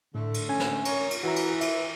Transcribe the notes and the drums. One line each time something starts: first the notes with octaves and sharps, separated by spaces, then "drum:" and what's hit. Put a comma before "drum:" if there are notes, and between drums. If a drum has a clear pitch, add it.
A2 D3 A3
drum: cymbal
C#4 G#5
drum: snare
A#4 C#5, drum: cymbal
drum: cymbal
E3 F#4 A#5
drum: cymbal
E5, drum: cymbal